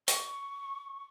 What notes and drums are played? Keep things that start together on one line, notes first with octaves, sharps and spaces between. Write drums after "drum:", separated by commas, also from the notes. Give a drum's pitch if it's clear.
C#6, drum: hi-hat